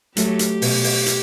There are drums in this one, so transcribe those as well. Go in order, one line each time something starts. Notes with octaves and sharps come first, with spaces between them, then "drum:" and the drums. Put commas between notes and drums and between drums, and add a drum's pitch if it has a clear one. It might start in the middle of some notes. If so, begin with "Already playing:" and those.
F#3 A3 G4, drum: hi-hat
drum: hi-hat
B2, drum: open hi-hat
drum: open hi-hat
drum: hi-hat